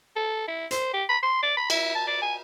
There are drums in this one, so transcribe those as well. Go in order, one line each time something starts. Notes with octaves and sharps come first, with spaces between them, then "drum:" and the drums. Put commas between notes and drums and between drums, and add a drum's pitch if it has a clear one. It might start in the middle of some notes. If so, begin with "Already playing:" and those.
A4
E4
C5, drum: hi-hat
G4
B5
C6
D5
B5
E4, drum: cymbal
A5
D5
G#5